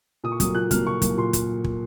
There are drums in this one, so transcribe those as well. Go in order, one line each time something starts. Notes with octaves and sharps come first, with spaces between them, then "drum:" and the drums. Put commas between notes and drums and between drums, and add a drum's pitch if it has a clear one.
A#2 D#6
C#6
F#3 A#3 D#6, drum: kick, hi-hat
A#2 F#6
F#3 A#3 F6, drum: kick, hi-hat
A#2 C#6
F#3 A#3, drum: kick, hi-hat
A#2 C6
drum: kick, hi-hat
drum: kick